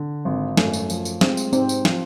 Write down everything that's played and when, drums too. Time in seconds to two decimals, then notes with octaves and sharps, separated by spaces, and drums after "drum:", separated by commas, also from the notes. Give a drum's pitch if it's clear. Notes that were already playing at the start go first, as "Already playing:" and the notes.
Already playing: D3
0.25 G#1
0.57 F#2 A3, drum: snare
0.73 drum: tambourine
0.90 F3, drum: tambourine
1.05 drum: tambourine
1.21 G#3 C4, drum: snare
1.37 drum: tambourine
1.53 G#2 C4, drum: tambourine
1.69 drum: tambourine
1.85 F3, drum: snare